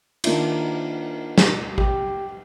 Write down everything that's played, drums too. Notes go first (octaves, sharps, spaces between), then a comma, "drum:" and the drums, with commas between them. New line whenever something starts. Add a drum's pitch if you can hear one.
D#3 A#3 D4 E4 F4, drum: cymbal
drum: snare
G4, drum: kick A1